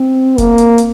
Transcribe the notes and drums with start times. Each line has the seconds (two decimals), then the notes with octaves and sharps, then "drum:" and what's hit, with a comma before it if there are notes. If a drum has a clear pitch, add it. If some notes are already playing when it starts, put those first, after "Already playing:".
Already playing: C4
0.38 A#3, drum: kick F1, hi-hat
0.58 drum: hi-hat
0.78 drum: hi-hat